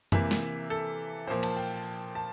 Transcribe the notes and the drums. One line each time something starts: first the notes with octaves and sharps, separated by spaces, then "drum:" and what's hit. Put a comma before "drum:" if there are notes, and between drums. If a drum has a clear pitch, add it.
C3 E3 A#3 E5, drum: tom F#2
drum: snare
A4
A#2 F3 A#3 C5
A5, drum: cymbal
G5
A5